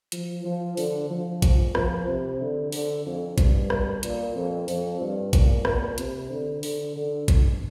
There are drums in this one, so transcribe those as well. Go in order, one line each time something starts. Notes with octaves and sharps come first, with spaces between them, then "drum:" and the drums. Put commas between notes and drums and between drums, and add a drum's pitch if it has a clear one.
F3, drum: hi-hat
F3
D3, drum: open hi-hat
F3
drum: kick, hi-hat
F3, drum: rim click
C3
D3
D3, drum: open hi-hat
F2
G2, drum: kick, hi-hat
drum: rim click
A#2, drum: hi-hat
F2
F2, drum: open hi-hat
G2
A#2, drum: kick, hi-hat
A#2, drum: rim click
C3, drum: hi-hat
D3
D3, drum: open hi-hat
D3
drum: kick, hi-hat